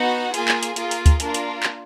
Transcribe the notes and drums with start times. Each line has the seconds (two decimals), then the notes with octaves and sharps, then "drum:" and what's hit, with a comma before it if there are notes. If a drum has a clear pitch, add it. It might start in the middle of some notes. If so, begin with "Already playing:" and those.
Already playing: B3 D#4 F#4 F#5
0.34 A#3 F4 G#4 G#5, drum: hi-hat
0.48 drum: clap
0.63 drum: hi-hat
0.76 A#3 F4 G#4 A#4, drum: hi-hat
0.91 drum: hi-hat
1.06 drum: kick D2, hi-hat
1.20 A#3 D4 F4 A#4, drum: hi-hat
1.34 drum: hi-hat
1.63 drum: clap